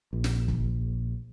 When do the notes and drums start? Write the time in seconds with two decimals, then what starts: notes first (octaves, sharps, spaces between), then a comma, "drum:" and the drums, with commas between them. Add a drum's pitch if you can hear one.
0.13 A#1
0.24 drum: snare
0.48 drum: kick